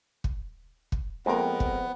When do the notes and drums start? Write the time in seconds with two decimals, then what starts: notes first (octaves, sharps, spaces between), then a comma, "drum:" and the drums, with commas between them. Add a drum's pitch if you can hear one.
0.24 drum: kick
0.92 drum: kick
1.26 F2 G#3 A#3 B3 A#4
1.60 drum: kick